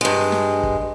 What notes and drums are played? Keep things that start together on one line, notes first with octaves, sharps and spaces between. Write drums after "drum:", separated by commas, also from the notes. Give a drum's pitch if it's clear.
G2 G#3
drum: snare
drum: kick